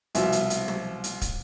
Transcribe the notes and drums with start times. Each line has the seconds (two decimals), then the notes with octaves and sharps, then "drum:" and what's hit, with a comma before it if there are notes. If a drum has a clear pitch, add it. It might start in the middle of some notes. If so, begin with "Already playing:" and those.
0.15 C2 B2 F3 E5, drum: hi-hat
0.32 drum: hi-hat
0.50 drum: hi-hat
0.68 drum: tom
1.04 drum: hi-hat
1.21 drum: kick, hi-hat